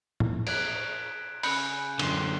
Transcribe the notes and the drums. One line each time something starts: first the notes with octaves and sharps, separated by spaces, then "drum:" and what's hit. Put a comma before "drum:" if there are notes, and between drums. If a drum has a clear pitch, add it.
drum: tom A2
F#6 G#6 D7, drum: cymbal
C#3 B5 F#6 G6 C#7, drum: open hi-hat
F#2 D3 C6 C7 G7, drum: cymbal